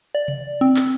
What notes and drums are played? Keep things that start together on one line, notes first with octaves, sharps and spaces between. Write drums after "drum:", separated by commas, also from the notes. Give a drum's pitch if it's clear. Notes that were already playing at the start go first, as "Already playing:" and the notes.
D5
drum: tom C3
C4
drum: clap